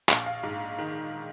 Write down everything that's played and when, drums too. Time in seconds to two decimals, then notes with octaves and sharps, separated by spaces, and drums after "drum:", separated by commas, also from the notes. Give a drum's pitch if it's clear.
0.09 A#1 F5, drum: clap
0.26 F5
0.43 G#2
0.78 D#3